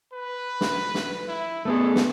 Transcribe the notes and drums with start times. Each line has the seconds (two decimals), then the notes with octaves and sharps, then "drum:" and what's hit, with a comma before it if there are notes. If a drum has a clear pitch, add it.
0.13 B4
0.61 drum: snare
0.94 drum: snare
1.28 E4
1.65 A3 B3 G#4 A4
1.96 drum: snare